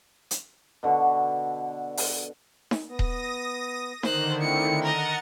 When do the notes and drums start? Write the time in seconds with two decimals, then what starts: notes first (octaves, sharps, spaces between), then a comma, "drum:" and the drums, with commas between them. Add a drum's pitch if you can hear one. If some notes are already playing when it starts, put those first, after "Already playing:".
0.31 drum: hi-hat
0.83 B2 D3 F#4
1.97 drum: open hi-hat
2.71 drum: snare D#4
2.89 B3 D#6 A#6
2.99 drum: kick D#1
4.03 D3 D#3 A#4 C5 A#5 F#6, drum: snare D#4
4.42 A3 C4 E4 C#7
4.82 A#4 D#5 F#5 A6 C#7